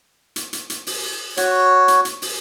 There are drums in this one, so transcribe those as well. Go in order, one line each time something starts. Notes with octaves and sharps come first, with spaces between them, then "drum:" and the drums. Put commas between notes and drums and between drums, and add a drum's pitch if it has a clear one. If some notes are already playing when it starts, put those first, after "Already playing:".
drum: hi-hat
drum: hi-hat
drum: hi-hat
drum: open hi-hat
F#4 C#5, drum: hi-hat
drum: hi-hat
drum: hi-hat
drum: open hi-hat